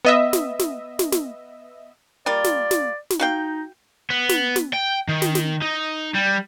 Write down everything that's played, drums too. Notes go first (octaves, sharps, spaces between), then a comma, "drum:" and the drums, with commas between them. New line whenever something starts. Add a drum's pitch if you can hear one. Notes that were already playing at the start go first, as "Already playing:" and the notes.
B3 D#5 E5
drum: snare
drum: snare
drum: snare
drum: snare
G3 A#3 F4 D5
drum: snare
drum: snare
drum: snare
D#4 F#4 F5 G5
B3
drum: snare
drum: snare
G5
D#3
drum: snare
drum: snare
D#4
G3